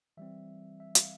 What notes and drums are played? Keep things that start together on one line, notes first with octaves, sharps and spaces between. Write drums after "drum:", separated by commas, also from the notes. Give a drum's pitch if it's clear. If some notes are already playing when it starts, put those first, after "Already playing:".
E3 G3 C4 E5
E5
F5, drum: hi-hat